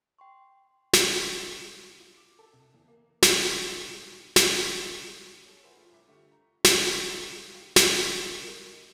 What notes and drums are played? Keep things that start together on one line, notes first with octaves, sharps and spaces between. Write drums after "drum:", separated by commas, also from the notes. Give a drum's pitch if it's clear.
G5 C6 C#6
drum: snare
D7
F4
D6
A4
C2
E2
A#3
A2, drum: snare
E6
G#2
A#2
G#2
drum: snare
G#4 A4 C#5
B4 C5 E5 F#5 G#5
F3 A3 F4 G#4
C2 E4 D6 B6
D3 A3 F4 G4 C#6 C#7
A#5
drum: snare
A4 F5 A#5
D#4 G4 G#4 F5
A#4 F#5, drum: snare
D#5 A#5
A4 A#4 D#5 A#5